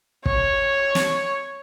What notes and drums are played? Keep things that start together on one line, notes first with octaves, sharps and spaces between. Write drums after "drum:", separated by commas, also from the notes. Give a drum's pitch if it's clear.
C#5, drum: kick
drum: snare